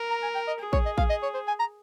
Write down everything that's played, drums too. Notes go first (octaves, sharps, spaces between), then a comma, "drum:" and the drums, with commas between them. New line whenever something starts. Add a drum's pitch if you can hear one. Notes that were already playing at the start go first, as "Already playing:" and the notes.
Already playing: A#4
A#5
G#5
G5
D#5
G#4
C#5, drum: kick
D#5
F5, drum: kick
D#5
C#5
C5
G#5
A#5